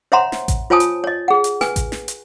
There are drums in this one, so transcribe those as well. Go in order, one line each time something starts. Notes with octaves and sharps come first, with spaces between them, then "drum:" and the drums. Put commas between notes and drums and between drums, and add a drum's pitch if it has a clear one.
C5 C#5 E5 F#5 A#5 C6
drum: snare
drum: kick A1, hi-hat
F4 C5 C#5 G#5 A5 D#6
drum: hi-hat
C#5 D#5
G#4 F#5
drum: hi-hat
B4 G#5, drum: snare
drum: kick A1, hi-hat
drum: snare
drum: hi-hat